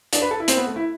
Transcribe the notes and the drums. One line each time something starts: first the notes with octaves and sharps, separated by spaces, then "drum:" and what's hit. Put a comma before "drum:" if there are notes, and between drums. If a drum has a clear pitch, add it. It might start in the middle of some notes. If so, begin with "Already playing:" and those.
D4, drum: hi-hat
B4
A4
E4
C4, drum: hi-hat
B3
A3
E4